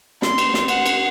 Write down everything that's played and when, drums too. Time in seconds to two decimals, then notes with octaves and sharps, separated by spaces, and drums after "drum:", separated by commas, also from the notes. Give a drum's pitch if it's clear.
0.22 C6, drum: snare
0.38 drum: cymbal
0.54 drum: snare
0.68 F#5, drum: cymbal
0.86 drum: cymbal